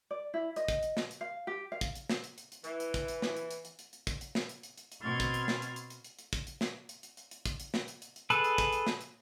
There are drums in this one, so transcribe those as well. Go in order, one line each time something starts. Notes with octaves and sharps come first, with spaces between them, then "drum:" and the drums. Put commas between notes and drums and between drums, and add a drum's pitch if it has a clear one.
D5
E4
D#5, drum: hi-hat
drum: kick, hi-hat
drum: hi-hat
drum: snare
drum: hi-hat
F5
G4
F5
drum: kick, hi-hat
drum: hi-hat
drum: snare
drum: hi-hat
drum: hi-hat
drum: hi-hat
E3, drum: hi-hat
drum: hi-hat
drum: kick, hi-hat
drum: hi-hat
drum: snare
drum: hi-hat
drum: hi-hat
drum: hi-hat
drum: hi-hat
drum: hi-hat
drum: kick, hi-hat
drum: hi-hat
drum: snare
drum: hi-hat
drum: hi-hat
drum: hi-hat
drum: hi-hat
B2 C4 C6 F6 G#6 A6
drum: kick, hi-hat
drum: hi-hat
drum: snare
drum: hi-hat
drum: hi-hat
drum: hi-hat
drum: hi-hat
drum: hi-hat
drum: kick, hi-hat
drum: hi-hat
drum: snare
drum: hi-hat
drum: hi-hat
drum: hi-hat
drum: hi-hat
drum: kick, hi-hat
drum: hi-hat
drum: snare
drum: hi-hat
drum: hi-hat
drum: hi-hat
G#4 A4 B4, drum: hi-hat
drum: hi-hat
drum: kick, hi-hat
drum: hi-hat
drum: snare
drum: hi-hat